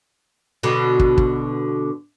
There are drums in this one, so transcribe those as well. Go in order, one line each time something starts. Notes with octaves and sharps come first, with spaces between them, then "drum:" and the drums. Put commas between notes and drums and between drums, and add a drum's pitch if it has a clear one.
B2 D3
drum: kick
drum: kick